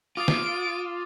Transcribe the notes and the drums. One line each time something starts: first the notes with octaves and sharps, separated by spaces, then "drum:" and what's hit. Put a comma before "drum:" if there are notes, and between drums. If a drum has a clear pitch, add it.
F4 D6 D#6 A6 D7
drum: snare